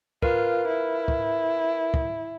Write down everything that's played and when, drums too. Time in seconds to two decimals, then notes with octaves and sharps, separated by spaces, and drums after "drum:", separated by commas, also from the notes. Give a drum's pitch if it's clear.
0.22 F4 A#4 B4, drum: kick
0.67 E4
1.08 drum: kick
1.94 drum: kick